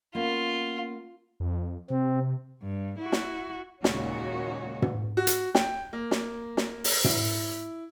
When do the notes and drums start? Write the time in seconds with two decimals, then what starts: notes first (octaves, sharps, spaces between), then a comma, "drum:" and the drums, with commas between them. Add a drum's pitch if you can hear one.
0.15 A#3 B3 C#4 F4
1.40 F2
1.90 C3 C4
2.62 G2
2.99 E4 F#4
3.12 drum: snare
3.84 D#2 A#2 C#3 G#3 F#4 C#5, drum: snare
4.82 drum: tom
5.17 F#4
5.27 drum: hi-hat
5.55 G5, drum: snare
5.93 A#3
6.11 drum: snare
6.57 drum: snare
6.84 drum: open hi-hat
7.04 E4, drum: tom